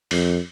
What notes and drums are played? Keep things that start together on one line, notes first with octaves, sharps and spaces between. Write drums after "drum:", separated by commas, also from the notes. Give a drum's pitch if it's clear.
F2, drum: open hi-hat